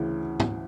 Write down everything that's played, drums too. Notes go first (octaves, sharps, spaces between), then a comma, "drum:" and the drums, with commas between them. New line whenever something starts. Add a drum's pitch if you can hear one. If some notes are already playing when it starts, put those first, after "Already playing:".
Already playing: D2 C#3 E3
drum: tom